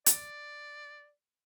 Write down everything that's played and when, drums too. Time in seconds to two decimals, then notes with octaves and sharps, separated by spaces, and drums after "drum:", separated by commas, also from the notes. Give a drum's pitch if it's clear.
0.06 D5, drum: hi-hat